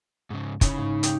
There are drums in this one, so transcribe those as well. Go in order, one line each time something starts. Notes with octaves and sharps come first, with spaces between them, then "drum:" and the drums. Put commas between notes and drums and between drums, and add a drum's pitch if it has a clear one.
G#2 C#3
C#3 C#4 D#4 E4, drum: kick, hi-hat
G#2
D#4 G4, drum: hi-hat